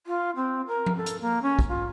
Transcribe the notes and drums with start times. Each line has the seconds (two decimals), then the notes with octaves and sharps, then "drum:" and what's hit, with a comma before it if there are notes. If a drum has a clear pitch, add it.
0.06 F4
0.36 C4
0.67 A#4
0.86 drum: tom F3
0.97 A4
1.06 drum: hi-hat
1.21 A#3
1.42 C#4
1.59 drum: kick
1.68 F4